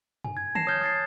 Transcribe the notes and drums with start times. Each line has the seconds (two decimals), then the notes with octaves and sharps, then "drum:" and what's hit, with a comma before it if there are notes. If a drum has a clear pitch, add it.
0.24 G#5, drum: tom F#2
0.37 G#6
0.55 A5 A#6 C7 E7, drum: tom
0.67 C#5 D#6 F6 G6 G#6
0.81 D#6 A6 C7